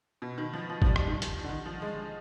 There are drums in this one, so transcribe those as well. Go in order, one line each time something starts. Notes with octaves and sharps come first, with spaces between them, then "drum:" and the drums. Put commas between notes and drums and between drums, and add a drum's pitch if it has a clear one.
B2
D#3
F3
F3
F3, drum: kick G1
G3
G3, drum: rim click
D#3
drum: hi-hat
D3
D#3
F3
G#3